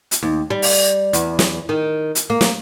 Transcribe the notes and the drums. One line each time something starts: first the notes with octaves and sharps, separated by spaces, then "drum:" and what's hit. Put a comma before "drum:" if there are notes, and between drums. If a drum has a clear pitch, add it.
drum: hi-hat
D#2
G3
drum: open hi-hat
E2, drum: hi-hat
drum: snare
D#3
drum: hi-hat
A#3
drum: snare